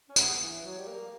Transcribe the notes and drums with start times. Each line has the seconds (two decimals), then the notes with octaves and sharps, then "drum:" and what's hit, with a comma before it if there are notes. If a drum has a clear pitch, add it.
0.09 C#4
0.16 B3, drum: tambourine
0.39 E3
0.63 F#3
0.78 G3
0.87 A#3